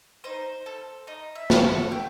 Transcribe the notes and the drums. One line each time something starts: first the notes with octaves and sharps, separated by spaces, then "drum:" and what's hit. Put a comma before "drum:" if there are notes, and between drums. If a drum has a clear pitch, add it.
D#4 C5
A4
D#4 D#5
E5
A4, drum: snare
F#5
A3 G5